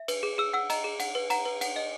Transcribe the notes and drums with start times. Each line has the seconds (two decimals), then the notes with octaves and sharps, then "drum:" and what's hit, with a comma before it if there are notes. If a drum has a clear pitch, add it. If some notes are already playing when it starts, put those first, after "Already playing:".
Already playing: E5
0.08 B4, drum: cymbal
0.23 G#4
0.38 G#4 E6
0.53 F#5 E6
0.70 D#5 A#5, drum: cymbal
0.84 G#4
1.00 F#5, drum: cymbal
1.15 B4
1.30 F#5 A#5, drum: cymbal
1.45 B4
1.61 F#5, drum: cymbal
1.76 D#5